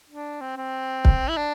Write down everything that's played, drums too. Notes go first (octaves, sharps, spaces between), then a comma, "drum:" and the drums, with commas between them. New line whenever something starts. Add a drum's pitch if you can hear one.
D4
C4
C4
drum: kick
E4
D4